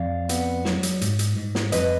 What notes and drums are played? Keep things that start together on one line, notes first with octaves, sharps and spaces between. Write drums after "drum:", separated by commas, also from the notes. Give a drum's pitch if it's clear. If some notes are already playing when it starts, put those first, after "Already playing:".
Already playing: F2 D5 F5
B3, drum: hi-hat
F#3, drum: snare
drum: hi-hat
G#2, drum: hi-hat
drum: hi-hat
G#2
drum: snare
F2 B4 D#5, drum: hi-hat